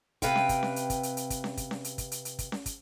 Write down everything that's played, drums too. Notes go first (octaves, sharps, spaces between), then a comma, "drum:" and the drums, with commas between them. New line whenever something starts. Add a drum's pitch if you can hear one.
C3 B4 F5 G5, drum: kick, hi-hat
drum: snare C#4
drum: kick, hi-hat
drum: snare C#4
drum: hi-hat
drum: kick, hi-hat
drum: hi-hat
drum: hi-hat
drum: kick, hi-hat
drum: snare C#4
drum: kick, hi-hat
drum: snare C#4
drum: hi-hat
drum: kick, hi-hat
drum: hi-hat
drum: hi-hat
drum: kick, hi-hat
drum: snare C#4
drum: kick, hi-hat